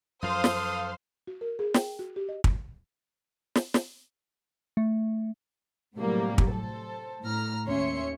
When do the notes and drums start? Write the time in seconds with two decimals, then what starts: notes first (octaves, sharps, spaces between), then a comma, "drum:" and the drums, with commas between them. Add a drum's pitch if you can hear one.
0.23 F#2 F3 A4 C5 F5 C6 D#6
0.44 drum: snare
1.27 F#4
1.41 A#4
1.59 G#4
1.74 G5, drum: snare
1.99 F#4
2.16 G4
2.29 D#5
2.44 drum: kick
3.55 drum: snare
3.74 drum: snare
4.77 A3
5.95 A2 C3 F#3 G3 A#3
6.38 drum: kick
6.50 A4 C5
7.23 A2 A#5 F6
7.67 D#2 C#4 C#5 E5 C6 C#7